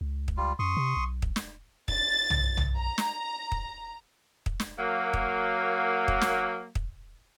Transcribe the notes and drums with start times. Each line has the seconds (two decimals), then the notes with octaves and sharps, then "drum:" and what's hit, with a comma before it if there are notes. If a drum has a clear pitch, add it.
0.01 C#2
0.28 drum: kick
0.37 G3 F4
0.59 F#2 C6 C#6 D#6
0.77 C3
0.97 B1
1.22 drum: kick
1.36 drum: snare
1.88 A6, drum: kick
2.30 drum: tom B1
2.57 drum: tom B1
2.78 A#5
2.98 drum: snare
3.52 drum: kick
4.46 drum: kick
4.60 drum: snare
4.79 F#3 A#3
5.14 drum: kick
6.08 drum: kick
6.21 drum: snare
6.75 drum: kick